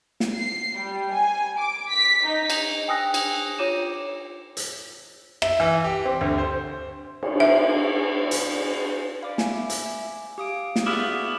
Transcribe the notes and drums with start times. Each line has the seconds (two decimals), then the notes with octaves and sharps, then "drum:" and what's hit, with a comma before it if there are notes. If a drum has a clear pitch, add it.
0.20 drum: snare
0.35 C7
0.79 G3
1.14 G#5
1.59 D6
1.91 B6
2.24 D#4
2.50 drum: cymbal
2.88 G5 G#5 D#6 E6 F#6 A#6
3.14 drum: cymbal
3.58 F4 C#5 D6 D#7 E7
4.57 drum: hi-hat
5.42 E5, drum: rim click
5.60 E3
5.84 G4
6.05 C4
6.21 D2
6.38 C5
7.23 drum: cymbal
7.40 E5
8.31 drum: hi-hat
9.23 D5 F5 B5 D6
9.38 E5 G#5, drum: snare
9.70 drum: hi-hat
10.38 G4 F5 D#6 D7
10.76 drum: snare
10.86 B3 E4 F#4 G#4 D5 D6 D#6 F6